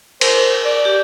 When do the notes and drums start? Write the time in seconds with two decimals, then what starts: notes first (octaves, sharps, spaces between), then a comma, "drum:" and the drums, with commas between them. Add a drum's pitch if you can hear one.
0.21 A#4 C5, drum: cymbal
0.65 D5
0.85 G4